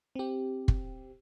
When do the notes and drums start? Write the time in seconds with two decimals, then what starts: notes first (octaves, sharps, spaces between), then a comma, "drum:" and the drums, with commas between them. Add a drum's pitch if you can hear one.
0.15 C4 G4
0.68 drum: kick